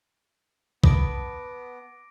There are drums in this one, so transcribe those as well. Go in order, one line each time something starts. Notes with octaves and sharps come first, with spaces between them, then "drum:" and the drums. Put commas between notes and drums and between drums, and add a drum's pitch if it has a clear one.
B3 A5 B5 D6 D#6 A#6 D7, drum: kick B1